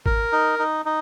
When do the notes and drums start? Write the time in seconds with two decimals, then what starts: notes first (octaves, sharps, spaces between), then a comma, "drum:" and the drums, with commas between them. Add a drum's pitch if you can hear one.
0.06 A#4, drum: kick G#1
0.32 D#4
0.59 D#4
0.85 D#4